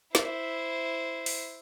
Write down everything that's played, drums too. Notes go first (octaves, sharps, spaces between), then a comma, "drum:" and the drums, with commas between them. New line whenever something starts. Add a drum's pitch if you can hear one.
E4 C5, drum: snare
drum: open hi-hat